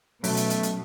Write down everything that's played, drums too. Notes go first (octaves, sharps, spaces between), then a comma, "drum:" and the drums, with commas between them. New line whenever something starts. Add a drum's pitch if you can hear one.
F#2 B2 A3 F#4 A5, drum: open hi-hat
drum: hi-hat
drum: hi-hat
drum: hi-hat